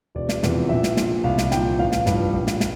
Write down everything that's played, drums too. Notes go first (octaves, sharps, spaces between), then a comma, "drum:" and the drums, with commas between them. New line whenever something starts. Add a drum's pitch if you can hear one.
E1 D5
drum: snare
E2 C3 F3, drum: snare
A#1 E5
drum: snare
A#2 F3, drum: snare
C2 F5
drum: snare
A#2 F3 G5, drum: snare
A1 F5
F5, drum: snare
G2 F3, drum: snare
A#1
drum: snare
F3, drum: snare